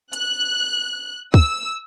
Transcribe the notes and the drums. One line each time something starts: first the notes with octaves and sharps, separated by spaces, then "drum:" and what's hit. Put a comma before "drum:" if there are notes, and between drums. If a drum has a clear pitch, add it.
F#6, drum: hi-hat
E6, drum: kick